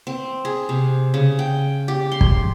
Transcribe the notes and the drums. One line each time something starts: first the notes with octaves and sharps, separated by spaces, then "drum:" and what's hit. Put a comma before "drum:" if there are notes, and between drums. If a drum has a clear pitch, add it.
C4
G#4
C3
C#3
G5
G4
C6
drum: kick